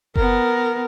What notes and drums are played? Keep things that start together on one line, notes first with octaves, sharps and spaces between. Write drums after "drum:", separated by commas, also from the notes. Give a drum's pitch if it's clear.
B3 A#4, drum: kick F#1